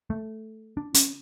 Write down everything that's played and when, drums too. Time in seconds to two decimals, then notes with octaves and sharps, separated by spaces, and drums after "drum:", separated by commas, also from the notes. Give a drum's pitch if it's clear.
0.10 A3
0.77 D4
0.94 C#4, drum: hi-hat